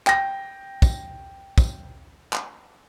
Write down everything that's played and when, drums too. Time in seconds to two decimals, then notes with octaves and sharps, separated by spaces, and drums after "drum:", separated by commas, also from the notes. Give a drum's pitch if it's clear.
0.07 G5 A#6, drum: clap
0.82 drum: kick, tambourine
1.58 drum: kick, tambourine
2.33 drum: clap